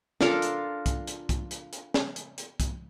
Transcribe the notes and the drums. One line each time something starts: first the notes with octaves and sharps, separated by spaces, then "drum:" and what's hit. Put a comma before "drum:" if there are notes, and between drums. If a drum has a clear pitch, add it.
D4 F4 A4 A#4, drum: snare
drum: hi-hat
drum: kick C2, hi-hat
drum: hi-hat
drum: kick C2, hi-hat
drum: hi-hat
drum: hi-hat
drum: snare
drum: hi-hat
drum: hi-hat
drum: kick C2, hi-hat